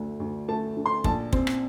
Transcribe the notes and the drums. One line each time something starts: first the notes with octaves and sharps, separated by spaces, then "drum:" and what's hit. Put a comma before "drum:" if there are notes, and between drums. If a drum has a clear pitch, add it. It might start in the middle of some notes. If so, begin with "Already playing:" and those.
Already playing: D2 D3 A3
D2
A3 A5
D3
C6
A#1 A5, drum: kick
C4, drum: kick
drum: rim click